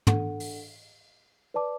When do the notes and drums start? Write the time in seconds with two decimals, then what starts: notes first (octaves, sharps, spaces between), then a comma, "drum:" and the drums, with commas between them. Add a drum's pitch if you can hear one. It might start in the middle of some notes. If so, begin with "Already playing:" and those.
0.07 D4 A4 F#5, drum: tom
0.40 drum: open hi-hat
1.54 B4 D5 A5 D6